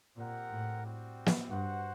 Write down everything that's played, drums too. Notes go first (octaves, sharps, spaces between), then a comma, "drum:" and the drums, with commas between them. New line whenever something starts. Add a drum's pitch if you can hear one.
A#2 C4 G4 A#4 F#5
A2
G3 C4 F#4
drum: snare
G2 F#4 C5 F#5